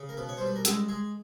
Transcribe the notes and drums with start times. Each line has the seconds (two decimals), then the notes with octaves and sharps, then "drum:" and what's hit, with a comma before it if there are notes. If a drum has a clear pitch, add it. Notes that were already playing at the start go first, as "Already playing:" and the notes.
Already playing: C#3
0.09 A#4
0.17 B2 B4
0.29 C#5
0.37 G3 C5
0.46 B4
0.56 A#4
0.65 G#3 A4, drum: hi-hat
0.88 G#3 G#4